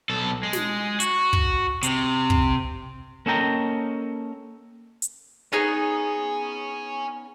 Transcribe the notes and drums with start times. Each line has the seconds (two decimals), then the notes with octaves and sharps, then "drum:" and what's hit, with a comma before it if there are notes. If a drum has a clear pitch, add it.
0.09 B1 A4
0.43 G#3
0.53 drum: snare
1.00 F#4, drum: hi-hat
1.33 drum: kick
1.83 C3, drum: hi-hat
2.30 drum: kick
3.26 A#3 C#4 A4 D#5 G5 A#5
5.02 drum: hi-hat
5.53 B3 D#4 G#4 C#5 G#5